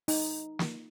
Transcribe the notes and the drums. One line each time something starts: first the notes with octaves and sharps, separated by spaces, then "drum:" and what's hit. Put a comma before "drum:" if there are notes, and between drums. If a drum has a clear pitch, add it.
D#4, drum: open hi-hat
drum: snare